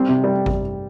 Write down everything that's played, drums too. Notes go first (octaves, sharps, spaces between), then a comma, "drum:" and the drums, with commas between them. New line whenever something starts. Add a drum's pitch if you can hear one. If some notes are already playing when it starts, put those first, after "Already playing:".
Already playing: G3 C4
C3
G3
drum: kick G#1